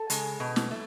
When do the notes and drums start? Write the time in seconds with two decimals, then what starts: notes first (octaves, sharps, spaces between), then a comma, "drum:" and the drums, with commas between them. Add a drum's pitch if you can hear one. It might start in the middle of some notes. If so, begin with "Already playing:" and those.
Already playing: A4
0.10 C#3 G#3, drum: hi-hat
0.40 B2
0.56 drum: snare
0.71 A3